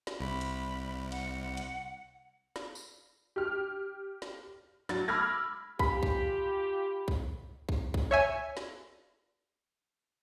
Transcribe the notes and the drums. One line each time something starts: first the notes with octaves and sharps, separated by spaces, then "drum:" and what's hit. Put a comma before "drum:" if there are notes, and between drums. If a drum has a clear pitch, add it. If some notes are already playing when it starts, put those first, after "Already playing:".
drum: snare
C2 B5
drum: hi-hat
F#5, drum: cymbal
drum: hi-hat
drum: snare
drum: tambourine
G4 F6
drum: snare
F#3 A6, drum: snare
B5 D6 E6 F6 G#6 A#6
F4 G4 B5, drum: kick B1
drum: kick B1
drum: kick B1
drum: kick B1
drum: kick B1
C#5 E5 G#5
drum: snare